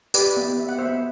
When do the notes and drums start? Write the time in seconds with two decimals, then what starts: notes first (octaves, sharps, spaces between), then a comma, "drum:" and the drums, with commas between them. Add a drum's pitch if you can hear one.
0.14 G4 B4 D5, drum: tambourine
0.37 B3
0.59 B3 E5
0.68 F#5
0.78 C5 E5
0.82 B3